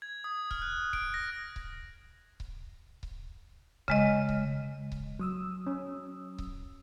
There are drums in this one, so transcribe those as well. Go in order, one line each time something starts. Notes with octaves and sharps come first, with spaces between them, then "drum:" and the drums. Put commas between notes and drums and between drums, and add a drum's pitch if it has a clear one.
G#6
D#6
F6, drum: kick C#1
F#6
D7, drum: kick C#1
A#6
drum: kick C#1
drum: kick C#1
drum: kick C#1
C#3 G#3 D#5, drum: kick C#1
drum: kick C#1
drum: kick C#1
F#3 D#6 E6
C#4
drum: kick C#1